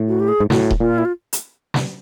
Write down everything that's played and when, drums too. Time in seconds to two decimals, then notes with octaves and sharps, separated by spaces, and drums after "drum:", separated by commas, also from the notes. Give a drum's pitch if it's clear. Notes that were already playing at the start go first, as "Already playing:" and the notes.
Already playing: A2
0.08 F#4
0.20 G4
0.29 G#4
0.40 G#2
0.50 A2 F#4, drum: snare
0.71 drum: kick D#1
0.80 A#2 F4
0.98 E4
1.05 F4
1.33 drum: hi-hat
1.74 drum: snare